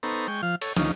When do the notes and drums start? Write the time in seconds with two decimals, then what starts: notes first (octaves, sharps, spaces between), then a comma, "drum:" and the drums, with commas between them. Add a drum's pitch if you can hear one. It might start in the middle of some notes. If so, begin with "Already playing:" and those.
0.03 B3 D#4 A4 C5 A#5 C#6
0.28 G#3 G5 C#6
0.43 F3 F5
0.61 A4 C#5, drum: cymbal
0.76 D2 D#3 F3 C#4 D#4, drum: snare